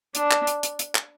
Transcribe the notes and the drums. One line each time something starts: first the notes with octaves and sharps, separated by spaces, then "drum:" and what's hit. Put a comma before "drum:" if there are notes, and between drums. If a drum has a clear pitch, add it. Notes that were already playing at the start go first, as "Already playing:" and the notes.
D4, drum: hi-hat
drum: clap
drum: hi-hat
drum: hi-hat
drum: hi-hat
drum: clap